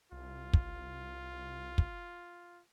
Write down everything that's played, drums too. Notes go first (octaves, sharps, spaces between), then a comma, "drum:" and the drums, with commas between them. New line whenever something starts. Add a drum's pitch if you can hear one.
C2 F4
drum: kick
drum: kick